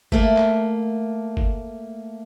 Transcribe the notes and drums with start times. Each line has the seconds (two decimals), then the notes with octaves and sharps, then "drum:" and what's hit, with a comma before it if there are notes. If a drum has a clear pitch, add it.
0.12 A3 A#3, drum: kick F#1
0.37 drum: clap
1.37 drum: kick F#1